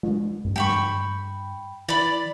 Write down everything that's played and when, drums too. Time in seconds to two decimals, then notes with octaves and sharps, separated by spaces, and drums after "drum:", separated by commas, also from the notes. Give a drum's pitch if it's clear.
0.03 drum: tom G#3
0.45 drum: tom G2
0.56 G2 G5 B5 C#6
0.69 drum: rim click
1.89 E3 D5 B5